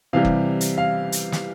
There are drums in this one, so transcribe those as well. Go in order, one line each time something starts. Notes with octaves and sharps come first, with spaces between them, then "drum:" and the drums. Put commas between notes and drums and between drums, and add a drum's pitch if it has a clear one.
C3 E3 G3 F5
drum: kick F#1
drum: hi-hat
F5
drum: hi-hat
drum: snare